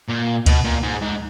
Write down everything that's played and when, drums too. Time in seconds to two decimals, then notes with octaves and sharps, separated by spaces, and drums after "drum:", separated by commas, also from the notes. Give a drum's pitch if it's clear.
0.09 A#2
0.46 B2, drum: kick C#2, cymbal
0.65 A#2
0.83 G#2
1.02 G#2